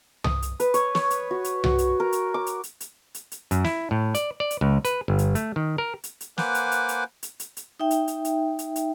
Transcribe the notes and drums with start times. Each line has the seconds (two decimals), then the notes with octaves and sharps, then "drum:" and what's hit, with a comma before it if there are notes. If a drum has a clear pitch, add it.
0.24 D#6, drum: tom C2
0.42 drum: hi-hat
0.60 B4, drum: hi-hat
0.74 C#5, drum: hi-hat
0.95 C#5, drum: snare
1.10 drum: hi-hat
1.31 F#4
1.44 drum: hi-hat
1.64 F#4, drum: tom C2
1.78 drum: hi-hat
2.00 A#4
2.12 drum: hi-hat
2.34 D6
2.46 drum: hi-hat
2.63 drum: hi-hat
2.80 drum: hi-hat
3.14 drum: hi-hat
3.32 drum: hi-hat
3.51 F#2, drum: hi-hat
3.65 E4, drum: snare
3.91 A2
4.15 D5, drum: hi-hat
4.40 D5
4.51 drum: hi-hat
4.61 C#2
4.85 B4, drum: hi-hat
5.08 G1
5.19 drum: hi-hat
5.35 A3, drum: hi-hat
5.56 D#3
5.78 A#4
6.04 drum: hi-hat
6.21 drum: hi-hat
6.38 A#3 B4 C5 F#5 G#5 D6, drum: snare
6.55 drum: hi-hat
6.72 drum: hi-hat
6.89 drum: hi-hat
7.23 drum: hi-hat
7.40 drum: hi-hat
7.57 drum: hi-hat
7.80 D#4 E5 G5
7.91 drum: hi-hat
8.08 drum: hi-hat
8.25 drum: hi-hat
8.59 drum: hi-hat
8.76 drum: hi-hat